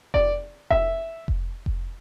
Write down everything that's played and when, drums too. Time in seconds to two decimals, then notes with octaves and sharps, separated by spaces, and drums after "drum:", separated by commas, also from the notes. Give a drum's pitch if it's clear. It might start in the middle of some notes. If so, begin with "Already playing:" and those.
0.14 D5, drum: kick F1
0.70 E5, drum: kick F1
1.28 drum: kick F1
1.66 drum: kick F1